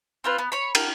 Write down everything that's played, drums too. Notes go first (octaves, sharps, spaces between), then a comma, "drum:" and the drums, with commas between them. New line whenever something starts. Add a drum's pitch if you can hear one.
C4 F4 B4
B3
C#5 B5
A#4, drum: cymbal